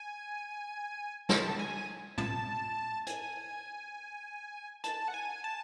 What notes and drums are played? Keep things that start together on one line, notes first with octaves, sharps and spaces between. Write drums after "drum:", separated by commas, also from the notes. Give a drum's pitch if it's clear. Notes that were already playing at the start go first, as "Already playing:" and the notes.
Already playing: G#5
A5, drum: snare
G#5
A5, drum: tom
G#5, drum: hi-hat
A5, drum: hi-hat
F#5
G#5
A5